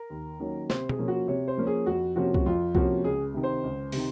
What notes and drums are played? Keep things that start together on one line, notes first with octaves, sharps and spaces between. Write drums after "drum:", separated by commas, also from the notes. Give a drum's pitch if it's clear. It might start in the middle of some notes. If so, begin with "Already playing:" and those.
Already playing: A#4
D#2
D#3 F#3 A#3 C#4
C3 C5, drum: snare
G#4, drum: tom B2
F3 A#3 C#4
F#4
C3 C#5
C5
F3 A#3 C#4
G#4
F2 F#4
C3 F3 A#3 C#4 F#4
F#4, drum: kick C2
F2 F4
C3 F3 A#3 C#4 F#4, drum: kick C2
C#2 G#4
C3 D#3
C5
C#2
C3 D#3, drum: open hi-hat